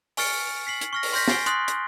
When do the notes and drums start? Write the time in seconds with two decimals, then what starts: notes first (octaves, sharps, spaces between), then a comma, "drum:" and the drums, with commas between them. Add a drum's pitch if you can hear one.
0.17 G#5 C#6 F6 A6 C#7 D7, drum: open hi-hat
0.67 B6 C7 F#7
0.81 drum: hi-hat
0.93 C#6 F6 A#6
1.03 drum: open hi-hat
1.13 C6 F6 G6 A#6 B6
1.28 G#5 A6 C7 D7 G7, drum: snare
1.46 C6 D#6 F#6 A6 C7, drum: hi-hat
1.68 drum: hi-hat